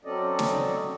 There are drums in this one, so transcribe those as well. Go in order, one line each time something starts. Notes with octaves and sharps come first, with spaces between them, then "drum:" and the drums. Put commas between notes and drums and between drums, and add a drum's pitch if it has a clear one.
F#3 C4 C#4 A4 D5 D#5
drum: snare